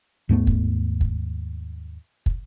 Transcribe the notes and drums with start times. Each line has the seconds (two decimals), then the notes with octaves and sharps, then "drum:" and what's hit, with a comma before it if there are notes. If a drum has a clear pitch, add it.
0.29 D#2 G#2 A3 B3
0.47 drum: kick
1.01 drum: kick
2.26 drum: kick